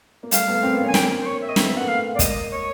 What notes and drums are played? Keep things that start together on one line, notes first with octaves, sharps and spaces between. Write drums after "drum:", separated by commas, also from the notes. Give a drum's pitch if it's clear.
A#3
G3 A3 F5, drum: hi-hat
A3 B3
A#3 C4
B3 C#4
B3 C#4
G#5
A#3 C4 G5, drum: snare
C5
C#5
E5
D#5
C4 E5, drum: snare
B3
A#3
A3 B3 F#5
F5
D5
G#3 A#3 D#5, drum: kick, hi-hat
C#5